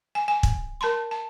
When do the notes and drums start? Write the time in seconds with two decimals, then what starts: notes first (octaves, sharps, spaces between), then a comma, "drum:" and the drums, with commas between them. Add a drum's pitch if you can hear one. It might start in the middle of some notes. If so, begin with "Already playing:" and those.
0.15 G#5
0.28 G#5
0.43 drum: kick
0.81 A#4 A5 B5 C6
1.11 A5